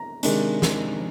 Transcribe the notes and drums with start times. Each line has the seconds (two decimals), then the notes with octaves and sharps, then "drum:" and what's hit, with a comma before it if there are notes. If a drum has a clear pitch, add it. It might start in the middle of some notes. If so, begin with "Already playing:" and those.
Already playing: A#5
0.23 C3 D#3 G#3 D4, drum: hi-hat
0.62 drum: snare